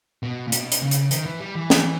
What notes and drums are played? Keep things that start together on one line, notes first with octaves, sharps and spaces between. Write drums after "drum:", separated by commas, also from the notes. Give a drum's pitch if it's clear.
B2
A#2
B2, drum: hi-hat
drum: hi-hat
C#3
drum: hi-hat
D#3, drum: hi-hat
E3
G3
E3
drum: snare